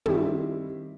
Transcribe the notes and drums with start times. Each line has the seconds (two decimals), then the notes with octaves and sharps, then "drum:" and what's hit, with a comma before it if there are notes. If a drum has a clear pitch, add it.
0.06 D#3 G3 C4 E4 G4, drum: tom